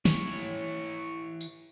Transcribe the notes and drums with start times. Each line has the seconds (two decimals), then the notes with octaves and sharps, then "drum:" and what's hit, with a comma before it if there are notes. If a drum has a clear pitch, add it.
0.05 E3 C#5, drum: snare
1.41 drum: tambourine